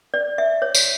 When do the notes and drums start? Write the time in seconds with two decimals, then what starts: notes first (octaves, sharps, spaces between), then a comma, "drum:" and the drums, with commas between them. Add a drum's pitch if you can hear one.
0.14 D5
0.38 E5
0.62 C#5
0.75 drum: tambourine